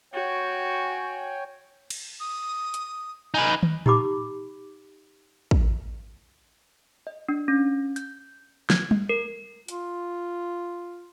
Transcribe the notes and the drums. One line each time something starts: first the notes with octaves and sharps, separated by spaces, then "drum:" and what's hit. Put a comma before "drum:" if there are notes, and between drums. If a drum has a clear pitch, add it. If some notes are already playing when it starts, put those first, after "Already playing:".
F#4 C#5 G5 G#5
drum: cymbal
D#6
drum: hi-hat
D#4 B4 G#5
drum: tom D#3
D#4 G4 B5 D6, drum: tom A2
drum: kick
D#5
D4
C#4
G6, drum: hi-hat
G#6, drum: snare
drum: tom G3
A#4
F4, drum: hi-hat